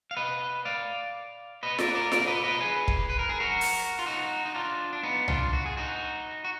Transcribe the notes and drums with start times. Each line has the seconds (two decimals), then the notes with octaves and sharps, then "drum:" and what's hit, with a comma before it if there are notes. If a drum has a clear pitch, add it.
0.11 F5
0.17 B4 D#5
0.65 D5 F5
1.63 B4 D#5
1.78 A#4 D5, drum: snare F4
1.95 A#4 D5
2.12 A#4 D5, drum: snare F4
2.27 B4 D#5
2.44 B4 D#5
2.61 G#4 B4
2.88 drum: kick
3.10 B4
3.19 A#4
3.29 G#4
3.40 F#4 A#4
3.61 drum: open hi-hat
3.99 F4
4.06 D#4 F#4
4.45 D#4
4.54 D4 F4
4.93 D4
5.03 B3 D#4
5.28 D4 F4, drum: tom C2
5.53 F#4
5.66 G#4
5.77 D#4 F#4
6.45 F#4